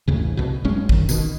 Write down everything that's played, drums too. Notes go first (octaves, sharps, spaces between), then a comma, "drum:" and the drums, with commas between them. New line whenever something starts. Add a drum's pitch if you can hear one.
A1 D2 C#3
C2 B2
F#1 B1 G#3 C#4
F#1 D#3, drum: kick A1
B2 D#3, drum: tambourine